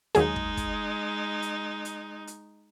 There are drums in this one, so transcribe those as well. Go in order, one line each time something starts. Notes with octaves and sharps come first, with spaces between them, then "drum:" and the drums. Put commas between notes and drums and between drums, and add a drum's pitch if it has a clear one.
D#2 F#3 G#3 D#4 G#4, drum: hi-hat
drum: kick
drum: kick, hi-hat
drum: hi-hat
drum: hi-hat
drum: hi-hat